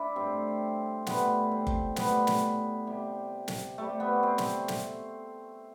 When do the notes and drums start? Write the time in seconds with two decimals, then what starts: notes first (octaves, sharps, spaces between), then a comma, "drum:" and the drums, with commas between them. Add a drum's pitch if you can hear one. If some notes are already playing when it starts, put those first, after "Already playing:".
Already playing: D4 E4
0.16 A2 G3 C4
1.06 A2 G3 B3, drum: snare
1.52 C4
1.67 drum: kick F#1
1.96 A2 B3, drum: snare
2.02 G3
2.27 drum: snare
2.87 C3 G3
3.48 drum: snare
3.78 C3 G3 A3
4.00 B3
4.23 C4
4.38 drum: snare
4.68 drum: snare